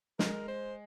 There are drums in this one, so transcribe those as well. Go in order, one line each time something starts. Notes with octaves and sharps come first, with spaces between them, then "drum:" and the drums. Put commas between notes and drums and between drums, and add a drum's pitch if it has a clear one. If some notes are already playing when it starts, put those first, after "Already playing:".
G#3 A#4, drum: snare
C5